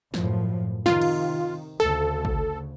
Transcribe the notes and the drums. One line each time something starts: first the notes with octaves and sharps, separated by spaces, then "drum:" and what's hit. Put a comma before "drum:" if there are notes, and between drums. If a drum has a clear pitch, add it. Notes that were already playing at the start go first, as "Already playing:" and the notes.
F#2 A2 F3, drum: snare
C3 D#3 F4, drum: snare
drum: cymbal
D2 C#3 A4
drum: kick